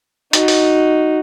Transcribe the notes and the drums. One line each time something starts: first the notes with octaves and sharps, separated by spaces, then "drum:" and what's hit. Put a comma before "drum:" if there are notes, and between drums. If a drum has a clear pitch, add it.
D#4 F#4, drum: hi-hat
drum: open hi-hat